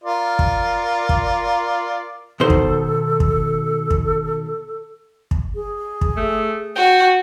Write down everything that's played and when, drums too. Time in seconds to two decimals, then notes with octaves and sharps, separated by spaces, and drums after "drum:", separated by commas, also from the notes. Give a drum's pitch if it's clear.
0.04 F4 A#4 D5
0.39 drum: kick
1.09 drum: kick
2.40 B2 D#3 A4 C5
2.50 drum: kick
3.20 drum: kick
3.90 drum: kick
5.31 drum: kick
5.55 G#4
6.01 drum: kick
6.17 A3
6.76 F#4 G5